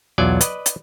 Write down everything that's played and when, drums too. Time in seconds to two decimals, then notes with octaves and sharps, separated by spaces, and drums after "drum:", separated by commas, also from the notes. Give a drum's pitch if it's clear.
0.18 B1 E2 F#3 F4 D5 G#5
0.41 B4 D5 D#5, drum: hi-hat
0.66 drum: hi-hat